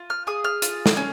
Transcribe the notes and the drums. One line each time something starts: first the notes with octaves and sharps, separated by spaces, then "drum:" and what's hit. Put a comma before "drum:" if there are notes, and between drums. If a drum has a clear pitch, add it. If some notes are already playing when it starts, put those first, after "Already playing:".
Already playing: F4
F6
G#4 D#6
F6
F4, drum: hi-hat
drum: snare
C#4